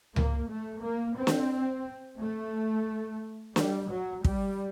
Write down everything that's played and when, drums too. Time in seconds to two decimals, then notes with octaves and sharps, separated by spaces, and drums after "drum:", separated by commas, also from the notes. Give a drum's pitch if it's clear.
0.16 A#3, drum: tom C#2
0.49 A3
0.83 A#3
1.17 C4
1.27 drum: snare
2.20 A3
3.56 G3, drum: snare
3.89 F#3
4.24 G3, drum: kick